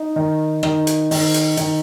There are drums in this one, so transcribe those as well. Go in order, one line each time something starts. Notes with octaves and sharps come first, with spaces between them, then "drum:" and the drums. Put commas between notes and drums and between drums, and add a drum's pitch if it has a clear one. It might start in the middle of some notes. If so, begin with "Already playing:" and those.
Already playing: D#4
D#3
D#3, drum: rim click
drum: hi-hat
D#3, drum: open hi-hat
drum: hi-hat
D#3, drum: hi-hat